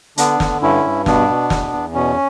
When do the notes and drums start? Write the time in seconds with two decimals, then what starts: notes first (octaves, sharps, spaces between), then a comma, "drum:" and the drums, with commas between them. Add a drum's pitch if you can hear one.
0.18 D3 B3 D4, drum: hi-hat
0.40 D3, drum: snare
0.62 G2 C#4 E4
0.84 G2
1.06 B2 B3 D4, drum: snare
1.28 B2
1.50 E2, drum: snare
1.72 E2
1.94 B2 C#4